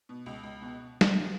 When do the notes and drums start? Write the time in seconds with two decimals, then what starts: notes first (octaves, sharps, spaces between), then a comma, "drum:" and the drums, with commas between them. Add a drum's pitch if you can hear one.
0.09 B2
0.26 C#2
0.43 C#2
0.62 B2
1.01 drum: snare